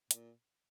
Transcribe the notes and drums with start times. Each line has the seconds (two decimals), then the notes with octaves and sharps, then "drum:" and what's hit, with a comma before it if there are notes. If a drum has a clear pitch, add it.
0.11 A#2, drum: hi-hat